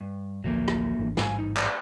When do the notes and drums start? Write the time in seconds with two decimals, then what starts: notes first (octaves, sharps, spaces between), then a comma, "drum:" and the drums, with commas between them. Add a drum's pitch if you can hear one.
0.01 G2
0.44 A1 D2 F3 F#3 A3 A#3
0.68 drum: rim click
0.99 G#1 E3 D4
1.17 A1 G#2 G3 F5 G#5, drum: snare
1.39 D#4
1.57 D5, drum: clap